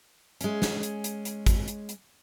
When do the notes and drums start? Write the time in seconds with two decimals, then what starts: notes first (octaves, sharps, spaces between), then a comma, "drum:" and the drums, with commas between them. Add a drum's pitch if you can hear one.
0.41 G#3 C#4, drum: hi-hat
0.62 drum: snare
0.83 drum: hi-hat
1.04 drum: hi-hat
1.25 drum: hi-hat
1.46 drum: kick, hi-hat
1.68 drum: hi-hat
1.89 drum: hi-hat